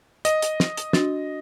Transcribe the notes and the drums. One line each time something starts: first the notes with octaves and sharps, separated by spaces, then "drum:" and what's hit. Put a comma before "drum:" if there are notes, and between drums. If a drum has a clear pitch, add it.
D#5, drum: hi-hat
drum: hi-hat
drum: snare
drum: hi-hat
D4 F#4 A6, drum: snare